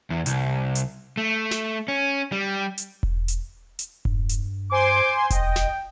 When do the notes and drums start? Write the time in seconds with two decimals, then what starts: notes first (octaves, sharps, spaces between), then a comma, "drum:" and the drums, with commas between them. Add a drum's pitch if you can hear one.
0.10 E2
0.26 C2, drum: hi-hat
0.75 drum: hi-hat
1.17 A3
1.51 drum: snare
1.88 C#4
2.32 G3
2.78 drum: hi-hat
3.03 drum: kick E1
3.28 drum: hi-hat
3.79 drum: hi-hat
4.05 G2, drum: kick E1
4.29 drum: hi-hat
4.72 C5 G#5 C6 D6
5.30 G1 D#5 G5, drum: kick E1, hi-hat
5.56 drum: snare